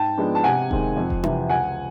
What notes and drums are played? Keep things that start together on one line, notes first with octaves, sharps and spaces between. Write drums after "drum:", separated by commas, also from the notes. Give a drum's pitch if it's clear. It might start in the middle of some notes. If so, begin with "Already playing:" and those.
Already playing: G#2 G5 A5
F3 G#3 B3 D4
A5
C3 F#5 G#5
D#3 G#3 C4, drum: kick E1
F2
drum: kick E1
C3 E3, drum: tom D4
C#2 F#5 G#5